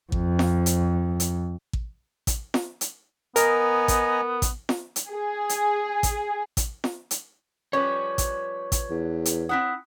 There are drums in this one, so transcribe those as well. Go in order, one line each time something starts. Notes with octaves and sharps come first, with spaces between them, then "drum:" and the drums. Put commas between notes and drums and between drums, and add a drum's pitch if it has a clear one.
F2, drum: kick A1
drum: snare
drum: hi-hat
drum: hi-hat
drum: kick A1
drum: kick A1, hi-hat
drum: snare
drum: hi-hat
B3 A#4 D#5 G#5 A#5, drum: hi-hat
drum: kick A1, hi-hat
drum: kick A1, hi-hat
drum: snare
drum: hi-hat
G#4
drum: hi-hat
drum: kick A1, hi-hat
drum: kick A1, hi-hat
drum: snare
drum: hi-hat
F3 G3 C#4 B4 C#5 C#6
drum: kick A1, hi-hat
drum: kick A1, hi-hat
E2
drum: hi-hat
C4 E4 F#5 D#6 F#6 B6